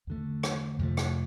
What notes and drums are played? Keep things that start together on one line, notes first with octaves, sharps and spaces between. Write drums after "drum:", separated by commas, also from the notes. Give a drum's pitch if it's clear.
E2 D3 A3
drum: rim click
F2 C3 F3 A3
drum: rim click